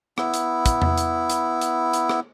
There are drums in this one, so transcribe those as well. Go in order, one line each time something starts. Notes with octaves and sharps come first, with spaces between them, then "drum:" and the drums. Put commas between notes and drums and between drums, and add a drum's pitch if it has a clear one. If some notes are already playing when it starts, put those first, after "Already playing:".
B3 E4, drum: rim click
drum: hi-hat
drum: kick, hi-hat
drum: tom E2
drum: hi-hat
drum: hi-hat
drum: hi-hat
drum: hi-hat
drum: rim click